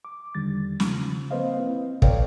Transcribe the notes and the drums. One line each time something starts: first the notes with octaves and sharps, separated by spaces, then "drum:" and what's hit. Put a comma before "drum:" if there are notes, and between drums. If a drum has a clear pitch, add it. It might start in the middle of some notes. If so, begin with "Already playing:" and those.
D6
E2 D3 D#3 G3 A6
C#3 F3, drum: snare
A#3 C4 B4 C5 D#5 F5
C4 E4
A4 B4 C#5 D5 F5 G5, drum: kick